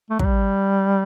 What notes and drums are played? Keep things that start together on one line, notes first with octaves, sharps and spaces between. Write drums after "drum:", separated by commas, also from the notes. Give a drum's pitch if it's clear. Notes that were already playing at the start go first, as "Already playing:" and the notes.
A3
F#3, drum: kick
G3